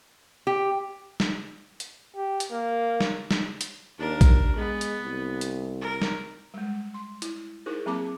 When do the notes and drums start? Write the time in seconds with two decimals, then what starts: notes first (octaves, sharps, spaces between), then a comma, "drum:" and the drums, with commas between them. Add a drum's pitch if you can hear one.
0.47 G4
1.20 drum: snare
1.80 drum: hi-hat
2.16 G4
2.40 drum: hi-hat
2.52 A#3
3.00 drum: snare
3.31 drum: snare
3.61 drum: hi-hat
3.99 D#2 D4 A#4
4.21 drum: kick, hi-hat
4.56 G#3 B3
4.81 drum: hi-hat
5.02 C2
5.41 drum: hi-hat
5.81 A#4
6.02 drum: snare
6.54 G3 G#3
6.94 C6
7.22 E4, drum: hi-hat
7.66 D#4 E4 G#4 A#4 C5
7.86 F#3 A#3 C4 G#4 A5 D6